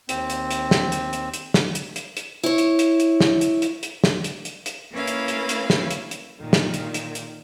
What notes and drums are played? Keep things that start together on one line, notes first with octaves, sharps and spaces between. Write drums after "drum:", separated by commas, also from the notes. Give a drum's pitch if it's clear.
D#2 C4, drum: hi-hat
drum: hi-hat
drum: hi-hat
drum: snare
drum: hi-hat
drum: hi-hat
drum: hi-hat
drum: snare
drum: hi-hat
drum: hi-hat
drum: hi-hat
E4 C#5
drum: hi-hat
drum: hi-hat
drum: hi-hat
drum: snare
drum: hi-hat
drum: hi-hat
drum: hi-hat
drum: snare
drum: hi-hat
drum: hi-hat
drum: hi-hat
A#3 C#4 E4 B4 F5
drum: hi-hat
drum: hi-hat
drum: hi-hat
drum: snare
drum: hi-hat
drum: hi-hat
A#2 D#3
drum: snare
drum: hi-hat
drum: hi-hat
drum: hi-hat